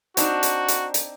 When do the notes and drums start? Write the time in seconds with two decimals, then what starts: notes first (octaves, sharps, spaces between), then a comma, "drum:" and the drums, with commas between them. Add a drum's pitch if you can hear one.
0.17 C4 D4 D#4 F#4, drum: hi-hat
0.43 drum: hi-hat
0.68 drum: hi-hat
0.94 drum: hi-hat